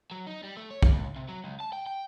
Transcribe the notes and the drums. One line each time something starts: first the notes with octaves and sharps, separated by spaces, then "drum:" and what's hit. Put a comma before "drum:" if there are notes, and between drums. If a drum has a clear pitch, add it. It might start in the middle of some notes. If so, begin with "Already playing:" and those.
F#3
D#4
G3
A3
C#5
drum: kick
C#2
C3
F#3
C#2
A5
G5
G5